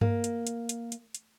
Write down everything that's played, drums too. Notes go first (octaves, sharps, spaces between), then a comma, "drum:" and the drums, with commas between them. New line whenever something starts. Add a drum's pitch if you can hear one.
A#3, drum: tom G2
drum: hi-hat
drum: hi-hat
drum: hi-hat
drum: hi-hat
drum: hi-hat